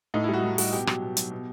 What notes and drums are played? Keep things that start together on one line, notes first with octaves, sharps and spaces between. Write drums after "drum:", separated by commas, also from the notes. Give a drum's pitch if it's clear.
A2 D#4
G3 E4
F#4
A2
G3 F#4, drum: open hi-hat
B2 G4
F#3, drum: rim click
B2
F#3, drum: hi-hat
B2